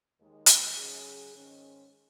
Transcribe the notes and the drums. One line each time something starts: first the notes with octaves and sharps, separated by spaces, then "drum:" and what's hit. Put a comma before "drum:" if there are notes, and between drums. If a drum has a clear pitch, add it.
D#2 D#3 G#3
drum: hi-hat
C#3 F#3 C#4 G#4
G#2 D#3 G#3 C#4